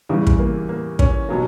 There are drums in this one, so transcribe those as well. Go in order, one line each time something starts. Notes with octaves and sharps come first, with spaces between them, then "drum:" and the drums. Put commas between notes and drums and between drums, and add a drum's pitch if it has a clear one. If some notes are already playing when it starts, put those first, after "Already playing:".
E2 C#3 E3 G3
drum: kick
A#3
A#3
C#4, drum: kick
B2 F#3 A#3